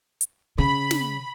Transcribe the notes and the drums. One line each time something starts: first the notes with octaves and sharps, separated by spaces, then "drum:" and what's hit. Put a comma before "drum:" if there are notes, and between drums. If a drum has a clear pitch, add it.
drum: hi-hat
C#3 B5
drum: snare